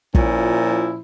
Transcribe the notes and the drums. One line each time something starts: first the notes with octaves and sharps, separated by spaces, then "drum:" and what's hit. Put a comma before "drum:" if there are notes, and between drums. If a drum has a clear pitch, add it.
A#2 F3 C#4 E4, drum: kick